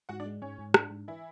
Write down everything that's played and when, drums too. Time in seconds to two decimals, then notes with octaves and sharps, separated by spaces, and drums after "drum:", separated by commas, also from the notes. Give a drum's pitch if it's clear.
0.09 G#2 F#4 F#5
0.20 D4 D5
0.26 G#3
0.42 G#2 C#4 C#5
0.58 G#2
0.74 D4, drum: rim click
0.91 G#2
1.08 E3 E4